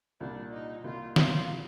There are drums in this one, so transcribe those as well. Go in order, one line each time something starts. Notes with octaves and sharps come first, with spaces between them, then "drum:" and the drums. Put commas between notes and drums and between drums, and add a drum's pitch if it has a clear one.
C2 A#2 G3 D4
D#4
C2 A#2 G3 F4
F4, drum: snare
C3 G3